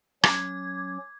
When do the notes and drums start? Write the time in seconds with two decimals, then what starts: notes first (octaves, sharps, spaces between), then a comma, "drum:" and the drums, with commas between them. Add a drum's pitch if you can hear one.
0.24 F#3 C#4 D6 G#6, drum: rim click